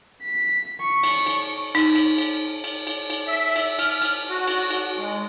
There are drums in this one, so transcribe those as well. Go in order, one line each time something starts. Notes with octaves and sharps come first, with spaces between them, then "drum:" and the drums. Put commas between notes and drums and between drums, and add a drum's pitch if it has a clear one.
B6
C#6
drum: cymbal
drum: cymbal
D#4, drum: cymbal
drum: cymbal
drum: cymbal
drum: cymbal
drum: cymbal
drum: cymbal
E5
drum: cymbal
F6, drum: cymbal
drum: cymbal
F#4
drum: cymbal
drum: cymbal
G#3